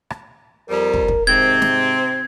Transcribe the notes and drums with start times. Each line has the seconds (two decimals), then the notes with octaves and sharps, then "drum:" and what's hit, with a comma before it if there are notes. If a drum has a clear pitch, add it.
0.10 drum: rim click
0.69 F2 F3 G3 A#4
0.94 drum: kick
1.08 drum: kick
1.27 G#2 C3 C4 G#6
1.62 drum: snare